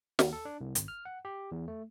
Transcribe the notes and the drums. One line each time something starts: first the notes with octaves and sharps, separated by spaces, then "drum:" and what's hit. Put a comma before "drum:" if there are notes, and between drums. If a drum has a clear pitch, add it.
D#2, drum: snare
A4
D4
C2
G#1, drum: hi-hat
F6
F#5
G4
E2
A3